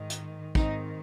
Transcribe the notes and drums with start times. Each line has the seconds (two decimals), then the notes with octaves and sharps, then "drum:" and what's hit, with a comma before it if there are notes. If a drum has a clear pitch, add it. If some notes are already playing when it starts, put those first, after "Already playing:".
Already playing: G#2 D#3
0.10 drum: hi-hat
0.55 G#2 D#3 C4 D#4, drum: kick